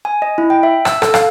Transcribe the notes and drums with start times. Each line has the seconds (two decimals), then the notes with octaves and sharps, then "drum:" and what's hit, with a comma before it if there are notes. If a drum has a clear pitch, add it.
0.05 G#5
0.22 D#5
0.38 E4
0.50 G5
0.63 E5
0.85 E6, drum: rim click
1.02 A4, drum: rim click
1.14 F5, drum: rim click